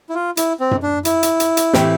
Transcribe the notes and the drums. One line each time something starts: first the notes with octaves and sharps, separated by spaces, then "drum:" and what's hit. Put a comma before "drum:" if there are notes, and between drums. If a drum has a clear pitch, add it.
E4
F4
E4, drum: hi-hat
C4
drum: tom F#2
D4
E4, drum: hi-hat
drum: hi-hat
drum: hi-hat
drum: hi-hat
A2 E3 A3 C4 G4, drum: snare